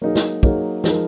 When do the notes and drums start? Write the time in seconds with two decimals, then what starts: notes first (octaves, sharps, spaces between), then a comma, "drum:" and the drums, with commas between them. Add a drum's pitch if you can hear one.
0.02 F#3 A#3 D#4 G#4
0.16 drum: snare
0.43 F#3 A#3 D#4 G#4, drum: kick
0.84 F3 G#3 D#4 A#4, drum: snare